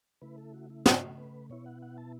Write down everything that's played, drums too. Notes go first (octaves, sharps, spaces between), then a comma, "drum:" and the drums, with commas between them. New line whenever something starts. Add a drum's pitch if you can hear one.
C#3 A3 E4 B4
A4
F#4
E4
F#4, drum: snare
B4
B2 B3 E4 C#5
F#5
F#5
A5